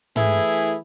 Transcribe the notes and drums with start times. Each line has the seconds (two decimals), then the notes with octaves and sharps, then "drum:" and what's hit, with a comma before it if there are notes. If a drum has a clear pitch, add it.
0.16 E3 A3 E4 G#4, drum: tom